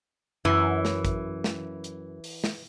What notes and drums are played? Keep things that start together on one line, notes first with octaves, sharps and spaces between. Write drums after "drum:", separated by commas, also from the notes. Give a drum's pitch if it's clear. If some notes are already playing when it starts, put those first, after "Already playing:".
F#2 E3
drum: snare
drum: kick, hi-hat
drum: snare
drum: hi-hat
drum: open hi-hat
drum: snare